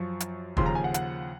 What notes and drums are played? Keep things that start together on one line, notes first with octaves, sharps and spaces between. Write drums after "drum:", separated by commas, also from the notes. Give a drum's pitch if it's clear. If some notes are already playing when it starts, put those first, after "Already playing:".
Already playing: F#2 F3 C#6
drum: hi-hat
D#2 C#3 F3 C6, drum: kick
A#5
G#5
F#5
F#5, drum: hi-hat